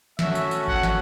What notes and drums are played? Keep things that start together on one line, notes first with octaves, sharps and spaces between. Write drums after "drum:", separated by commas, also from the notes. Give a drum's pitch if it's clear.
A3 C#4 F#4 E5, drum: snare
drum: tambourine
drum: tambourine
F#5, drum: kick G#1
drum: snare